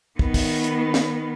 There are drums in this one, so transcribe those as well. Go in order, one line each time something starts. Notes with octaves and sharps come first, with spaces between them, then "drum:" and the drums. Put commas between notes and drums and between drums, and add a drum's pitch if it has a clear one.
D#3 B3, drum: kick
drum: kick, open hi-hat
drum: hi-hat
drum: snare